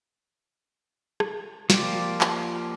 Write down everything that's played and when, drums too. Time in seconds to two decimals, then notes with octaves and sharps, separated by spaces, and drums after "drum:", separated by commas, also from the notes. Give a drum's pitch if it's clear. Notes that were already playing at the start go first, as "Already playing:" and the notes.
1.20 drum: rim click
1.70 F3 A#3 F4 G4 D5, drum: snare
2.21 drum: clap